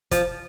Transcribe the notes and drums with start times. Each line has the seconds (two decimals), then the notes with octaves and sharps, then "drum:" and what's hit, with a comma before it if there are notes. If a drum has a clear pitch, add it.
0.12 F3, drum: kick, hi-hat